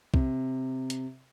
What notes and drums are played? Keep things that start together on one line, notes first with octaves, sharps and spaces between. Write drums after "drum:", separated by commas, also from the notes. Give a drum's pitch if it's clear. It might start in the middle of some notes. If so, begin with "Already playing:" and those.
C3, drum: kick B1
drum: hi-hat